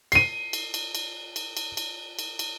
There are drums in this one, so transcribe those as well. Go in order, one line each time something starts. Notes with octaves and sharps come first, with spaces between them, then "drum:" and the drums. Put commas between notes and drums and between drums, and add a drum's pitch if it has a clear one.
C7 D#7, drum: cymbal
drum: cymbal
drum: cymbal
drum: cymbal
drum: cymbal
drum: cymbal
drum: cymbal
drum: cymbal
drum: cymbal